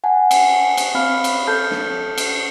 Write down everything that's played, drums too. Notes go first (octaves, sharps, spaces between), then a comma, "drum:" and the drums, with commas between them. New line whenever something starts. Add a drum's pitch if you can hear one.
F#5 G#5 A5
drum: cymbal
drum: cymbal
C4 F5 B5 F6
drum: cymbal
A4 A5 F6 G6
drum: snare
drum: cymbal